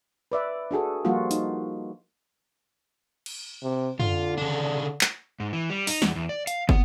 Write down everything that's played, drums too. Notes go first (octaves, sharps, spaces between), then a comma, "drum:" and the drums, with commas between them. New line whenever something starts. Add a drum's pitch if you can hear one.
B4 D5 E5
D4 F#4 G#4 A4
F3 G3 A#3 F4 F#4
D#4, drum: hi-hat
drum: cymbal
C3
D3 F4, drum: tom
C#3 D4
drum: clap
G#2
E3
G3
D#4, drum: open hi-hat
E2, drum: snare
E2
D5
F5, drum: hi-hat
B3, drum: kick